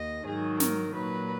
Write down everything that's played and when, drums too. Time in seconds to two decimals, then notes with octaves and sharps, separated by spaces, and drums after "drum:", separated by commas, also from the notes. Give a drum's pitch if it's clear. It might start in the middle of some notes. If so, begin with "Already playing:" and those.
Already playing: D#2 D#5
0.26 G#2 D#3 F#3 G#4
0.60 A#4, drum: snare
0.95 A#2 F#3 B4